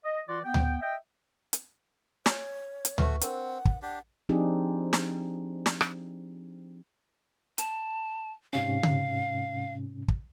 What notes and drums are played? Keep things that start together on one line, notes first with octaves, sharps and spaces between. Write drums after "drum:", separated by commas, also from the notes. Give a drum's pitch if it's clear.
D#5
E3 F4 F#4 D5 C6
B3 G5
drum: tom D2
D#5 E5 G5
drum: hi-hat
C#5 G#5, drum: snare
drum: hi-hat
A3 F#4 B4 E5 C#6, drum: tom D2
C4 D4 A#4 C5 F#5, drum: hi-hat
drum: kick
D4 G4 F#5
F3 C4 D4 D#4 G4 G#4
drum: snare
drum: snare
drum: rim click
A5, drum: hi-hat
G#2 C3 C#4 F5
drum: tom C#3
drum: kick